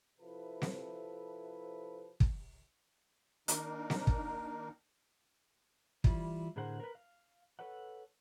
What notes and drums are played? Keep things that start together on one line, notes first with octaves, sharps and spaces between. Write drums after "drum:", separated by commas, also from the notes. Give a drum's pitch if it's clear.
C3 F3 E4 A4 B4
drum: snare C4
drum: kick
D#3 A#3 D4 D#4 A#4, drum: hi-hat
drum: snare C4
drum: kick
E3 G3 E4 F4, drum: kick
A2 D3 G#4 A#4 C5 F#5
A#4 B4
F5
A4 B4 C#5 F#5